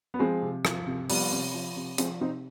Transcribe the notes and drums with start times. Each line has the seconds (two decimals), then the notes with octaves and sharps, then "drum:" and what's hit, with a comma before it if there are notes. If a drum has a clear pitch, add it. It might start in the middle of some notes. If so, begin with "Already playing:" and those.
0.14 B3
0.19 F3 G#3 C4
0.42 C3
0.65 F3, drum: rim click
0.87 C3
1.10 F3 G3 B3, drum: open hi-hat
1.32 C3
1.54 F3
1.76 C3
1.98 F3 G#3 C4, drum: hi-hat
2.20 C3 C4 D#4